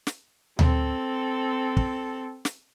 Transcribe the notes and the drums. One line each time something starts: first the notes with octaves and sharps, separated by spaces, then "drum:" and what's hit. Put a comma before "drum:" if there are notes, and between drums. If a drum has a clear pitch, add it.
drum: snare
C4 A4, drum: tom D2
drum: kick
drum: snare